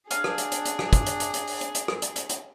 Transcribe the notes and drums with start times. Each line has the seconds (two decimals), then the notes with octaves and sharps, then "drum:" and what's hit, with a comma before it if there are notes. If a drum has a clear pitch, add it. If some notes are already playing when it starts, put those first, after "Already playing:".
0.11 D4 G#4 F5 G#5 F6, drum: hi-hat
0.24 drum: rim click
0.38 drum: hi-hat
0.52 drum: hi-hat
0.65 drum: hi-hat
0.79 drum: rim click
0.93 drum: kick, hi-hat
1.06 drum: hi-hat
1.20 drum: hi-hat
1.34 drum: hi-hat
1.47 drum: open hi-hat
1.61 drum: hi-hat
1.75 drum: hi-hat
1.88 drum: rim click
2.02 drum: hi-hat
2.16 drum: hi-hat
2.29 drum: hi-hat